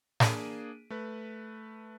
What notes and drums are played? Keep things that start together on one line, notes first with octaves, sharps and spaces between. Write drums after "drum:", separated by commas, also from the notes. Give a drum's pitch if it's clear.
A#3 D4 G#4 B6 D7 D#7, drum: snare
A3 B4